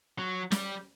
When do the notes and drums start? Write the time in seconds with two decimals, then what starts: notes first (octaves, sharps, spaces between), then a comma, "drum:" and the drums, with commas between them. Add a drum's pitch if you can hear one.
0.18 F#3
0.51 G3, drum: snare